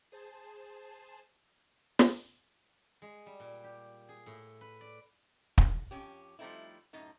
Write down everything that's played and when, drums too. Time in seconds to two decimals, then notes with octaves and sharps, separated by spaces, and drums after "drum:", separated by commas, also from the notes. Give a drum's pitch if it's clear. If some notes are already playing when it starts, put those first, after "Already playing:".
0.12 G#4 C5 A5
1.99 drum: snare
3.02 G#3
3.26 G3
3.40 A#2
3.64 G4
4.09 G#4
4.26 A2
4.61 B4
4.81 D5
5.58 drum: kick
5.91 F2 C#4 G4
6.39 F3 G3 A3 C4 D#4 E4
6.93 F#2 A2 D#4